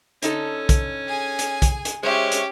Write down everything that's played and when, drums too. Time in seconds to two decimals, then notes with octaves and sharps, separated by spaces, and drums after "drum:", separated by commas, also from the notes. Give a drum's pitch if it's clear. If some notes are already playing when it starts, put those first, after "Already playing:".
0.23 D3 C#4 D#4 A4, drum: hi-hat
0.69 drum: kick B1, hi-hat
1.08 G#4 G#5
1.39 drum: hi-hat
1.62 drum: kick B1, hi-hat
1.85 drum: hi-hat
2.03 G#3 C#4 G4 C5 C#5 E5
2.32 drum: hi-hat